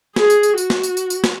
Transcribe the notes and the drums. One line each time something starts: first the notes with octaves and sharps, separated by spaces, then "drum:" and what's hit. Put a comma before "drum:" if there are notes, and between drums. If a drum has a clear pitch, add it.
G#4, drum: snare
drum: tambourine
drum: tambourine
F#4, drum: tambourine
drum: snare
drum: tambourine
drum: tambourine
drum: tambourine
drum: snare